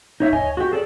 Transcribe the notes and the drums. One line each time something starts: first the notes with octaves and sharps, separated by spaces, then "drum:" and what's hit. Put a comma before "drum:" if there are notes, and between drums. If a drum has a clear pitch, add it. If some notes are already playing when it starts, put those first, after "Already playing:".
D#4 C#5 E5
C#5 D#5 G#5, drum: kick D2
F#4 G4
G#4 A4 C5 D5